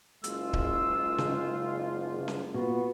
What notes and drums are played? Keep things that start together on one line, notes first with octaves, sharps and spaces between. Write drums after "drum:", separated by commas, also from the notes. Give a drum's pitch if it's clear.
F#1 G#3 F4 E6, drum: hi-hat
drum: kick D1
C#3 D#4, drum: snare C#4
drum: snare C#4
A#2 B3 F4 F#4